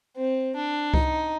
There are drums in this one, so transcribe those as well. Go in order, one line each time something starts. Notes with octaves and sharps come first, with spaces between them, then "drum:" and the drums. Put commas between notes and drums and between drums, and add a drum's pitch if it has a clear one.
C4
D4
D#4, drum: kick C#2